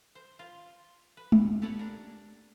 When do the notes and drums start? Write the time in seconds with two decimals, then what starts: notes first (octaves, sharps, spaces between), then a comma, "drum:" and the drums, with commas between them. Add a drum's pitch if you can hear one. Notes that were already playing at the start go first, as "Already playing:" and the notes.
0.15 C5
0.39 F4
1.17 B4
1.32 drum: tom G#3
1.62 G4 A4 B4 C#5 D5 F#5
1.79 D4 A#4